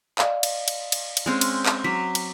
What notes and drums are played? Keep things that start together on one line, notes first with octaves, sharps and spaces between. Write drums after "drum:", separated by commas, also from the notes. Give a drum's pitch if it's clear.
D5 D#5 F5, drum: clap
drum: cymbal
drum: cymbal
drum: cymbal
drum: cymbal
G#3 C4 C#4
drum: cymbal
drum: clap
F#3 D6 B6
drum: cymbal